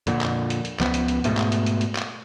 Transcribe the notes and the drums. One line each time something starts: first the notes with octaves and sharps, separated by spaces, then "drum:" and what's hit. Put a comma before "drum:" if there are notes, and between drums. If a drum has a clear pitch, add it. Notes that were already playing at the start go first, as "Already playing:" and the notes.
F2 A#2 D3, drum: hi-hat
drum: clap
drum: hi-hat
drum: hi-hat
C#2 F3 B3, drum: clap
drum: hi-hat
drum: hi-hat
G#2 B2 A3, drum: hi-hat
drum: clap
drum: hi-hat
drum: hi-hat
drum: hi-hat
drum: clap